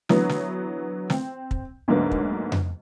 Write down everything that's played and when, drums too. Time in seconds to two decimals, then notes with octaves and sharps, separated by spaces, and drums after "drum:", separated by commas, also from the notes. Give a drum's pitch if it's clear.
0.09 D3 E3 F#3 B3, drum: snare
0.29 drum: snare
1.10 C4, drum: snare
1.51 drum: kick
1.88 D2 G#2 D3 F#3 A#3 B3
2.11 drum: kick
2.52 drum: tom F2